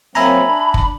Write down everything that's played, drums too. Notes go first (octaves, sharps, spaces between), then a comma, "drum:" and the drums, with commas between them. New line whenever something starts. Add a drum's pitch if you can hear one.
F#3 A#3 C4 E5 G#5 A#5 B5
D4
drum: kick